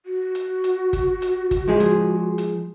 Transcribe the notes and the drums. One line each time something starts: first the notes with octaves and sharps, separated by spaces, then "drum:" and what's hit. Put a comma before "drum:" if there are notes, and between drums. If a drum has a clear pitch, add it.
F#4
drum: hi-hat
drum: hi-hat
drum: kick, hi-hat
drum: hi-hat
drum: kick, hi-hat
F3 G#3 G#4
drum: hi-hat
drum: hi-hat